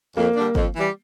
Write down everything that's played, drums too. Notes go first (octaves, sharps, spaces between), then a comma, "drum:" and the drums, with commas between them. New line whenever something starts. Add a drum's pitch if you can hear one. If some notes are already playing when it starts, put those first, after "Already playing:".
F2 A#3
D3 G3 D4
F2, drum: kick G1
E3 G3